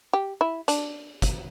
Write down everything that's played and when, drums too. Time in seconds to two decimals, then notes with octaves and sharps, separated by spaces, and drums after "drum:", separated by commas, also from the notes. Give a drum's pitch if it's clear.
0.13 G4
0.41 E4
0.68 D4, drum: hi-hat
1.22 drum: kick, hi-hat